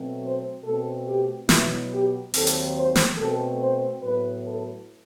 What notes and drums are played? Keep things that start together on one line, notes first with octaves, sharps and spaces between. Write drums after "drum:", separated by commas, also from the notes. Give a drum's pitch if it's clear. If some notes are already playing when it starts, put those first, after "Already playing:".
Already playing: B2 F#3 A3 C4
C5
B2 A3 C4 A4
G4
B2 F#3 B3 E4, drum: snare
G4
D#2 D#3 F#3 C4 A4, drum: open hi-hat
drum: hi-hat
C5
drum: snare
B2 A3 C4 A4
C5
A2 F#3 B3 B4
A4